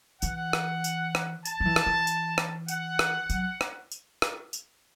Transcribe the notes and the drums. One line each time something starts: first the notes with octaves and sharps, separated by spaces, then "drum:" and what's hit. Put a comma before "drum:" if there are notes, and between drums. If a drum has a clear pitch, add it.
E3 F#5, drum: tambourine
drum: rim click
drum: tambourine
drum: rim click
A5, drum: tambourine
F#3
E3
drum: rim click
E3
drum: tambourine
drum: rim click
F#5, drum: tambourine
drum: rim click
F#3, drum: tambourine
drum: rim click
drum: tambourine
drum: rim click
drum: tambourine